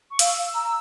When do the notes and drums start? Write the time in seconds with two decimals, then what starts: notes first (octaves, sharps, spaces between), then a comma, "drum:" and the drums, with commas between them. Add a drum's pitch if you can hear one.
0.11 C#6
0.19 F5 E6, drum: hi-hat
0.55 A#5